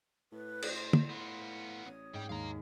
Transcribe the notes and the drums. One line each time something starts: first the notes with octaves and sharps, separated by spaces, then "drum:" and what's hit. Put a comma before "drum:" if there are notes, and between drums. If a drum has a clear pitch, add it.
A2 B4
drum: cymbal
C6
drum: tom
B3 F4
A1 C#5 D#6
G#2 G3 G5
D#2 G#3 F5 A#5